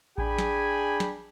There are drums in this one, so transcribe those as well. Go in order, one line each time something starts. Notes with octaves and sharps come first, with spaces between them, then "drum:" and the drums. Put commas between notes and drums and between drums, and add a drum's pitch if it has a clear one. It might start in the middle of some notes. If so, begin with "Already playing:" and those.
D4 G#4 G5 G#5 B5, drum: kick A1
drum: snare
drum: snare